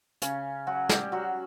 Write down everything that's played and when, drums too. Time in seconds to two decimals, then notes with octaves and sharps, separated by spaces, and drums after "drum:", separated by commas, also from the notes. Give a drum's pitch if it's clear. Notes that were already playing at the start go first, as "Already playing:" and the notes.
0.22 C#3 C#4, drum: hi-hat
0.67 F#3 F#4
0.89 G3 G4, drum: snare
1.12 F#3 F#4